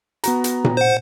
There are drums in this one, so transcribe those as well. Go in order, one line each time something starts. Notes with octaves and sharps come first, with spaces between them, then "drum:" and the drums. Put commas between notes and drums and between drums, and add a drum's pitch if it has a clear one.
B3 F#4 A#5, drum: hi-hat
drum: hi-hat
drum: tom A#2
C5 F#5